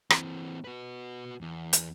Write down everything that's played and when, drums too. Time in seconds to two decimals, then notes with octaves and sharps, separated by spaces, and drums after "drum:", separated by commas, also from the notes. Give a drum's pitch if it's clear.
0.10 E3 C4, drum: rim click
0.64 F#4 B4
1.41 E2
1.73 drum: hi-hat